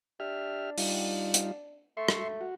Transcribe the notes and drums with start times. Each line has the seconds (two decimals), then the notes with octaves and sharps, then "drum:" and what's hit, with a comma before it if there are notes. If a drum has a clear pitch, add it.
0.20 D4 G4 E5 F6
0.78 G3 D#4 F4, drum: open hi-hat
1.34 drum: hi-hat
1.97 A3 E5 C6 C#6
2.08 drum: rim click
2.41 F#4